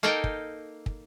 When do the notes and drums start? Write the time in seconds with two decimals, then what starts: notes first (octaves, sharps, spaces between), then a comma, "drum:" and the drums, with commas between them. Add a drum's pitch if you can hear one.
0.03 A#3 D#4 A4 A#4 G5 A5
0.24 drum: kick
0.86 drum: kick